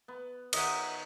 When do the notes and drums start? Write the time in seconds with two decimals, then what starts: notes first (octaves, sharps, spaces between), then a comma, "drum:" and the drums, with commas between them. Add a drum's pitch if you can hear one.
0.08 B3
0.53 D#3 C#5 D#5 E5 F#5, drum: cymbal